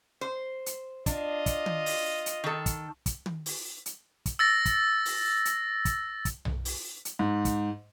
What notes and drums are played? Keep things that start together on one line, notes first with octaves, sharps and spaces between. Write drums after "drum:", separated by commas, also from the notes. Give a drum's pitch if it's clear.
C5
drum: hi-hat
D4 F4 D#5, drum: kick, hi-hat
drum: kick, hi-hat
drum: tom
drum: open hi-hat
drum: hi-hat
D#3 A4
drum: kick, hi-hat
drum: kick, hi-hat
drum: tom
drum: open hi-hat
drum: hi-hat
drum: kick, hi-hat
E6 A6 A#6
drum: kick, hi-hat
drum: open hi-hat
drum: hi-hat
drum: kick, hi-hat
drum: kick, hi-hat
drum: tom B1
drum: open hi-hat
drum: hi-hat
G#2
drum: kick, hi-hat